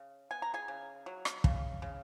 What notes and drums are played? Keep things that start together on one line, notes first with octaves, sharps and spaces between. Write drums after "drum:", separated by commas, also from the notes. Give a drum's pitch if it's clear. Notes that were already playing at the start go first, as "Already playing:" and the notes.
Already playing: C#3
B3 G#5
A#5
G#4 G#5
C#3
F#3
drum: rim click
C#3, drum: kick
C#3